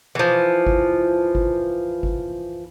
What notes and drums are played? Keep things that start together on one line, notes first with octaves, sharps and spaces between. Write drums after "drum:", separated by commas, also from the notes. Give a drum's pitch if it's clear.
E3 F3
drum: kick G1
drum: kick G1
drum: kick G1